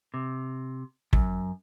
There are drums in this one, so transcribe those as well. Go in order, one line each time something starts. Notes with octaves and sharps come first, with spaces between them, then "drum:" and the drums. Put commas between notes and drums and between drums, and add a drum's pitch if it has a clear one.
C3
F#2, drum: kick